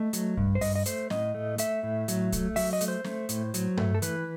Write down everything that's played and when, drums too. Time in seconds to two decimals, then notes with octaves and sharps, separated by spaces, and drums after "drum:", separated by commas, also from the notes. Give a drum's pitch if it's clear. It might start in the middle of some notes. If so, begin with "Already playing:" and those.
Already playing: A3 D#5
0.13 F#3, drum: hi-hat
0.37 G2, drum: kick A#1
0.55 C5
0.61 G2 D#5, drum: open hi-hat
0.75 D#5
0.86 A3 C5, drum: hi-hat
1.10 A2 D#5, drum: snare
1.35 A3
1.58 A3 E5, drum: hi-hat
1.83 A2
2.08 F#3, drum: hi-hat
2.33 A3, drum: kick A#1, hi-hat
2.56 F#3 E5, drum: open hi-hat
2.73 D#5
2.81 A3, drum: hi-hat
2.88 C5
3.04 A3, drum: snare
3.29 A2, drum: hi-hat
3.54 F#3, drum: hi-hat
3.77 A3, drum: tom G2
3.95 A4
4.02 E3 B4, drum: hi-hat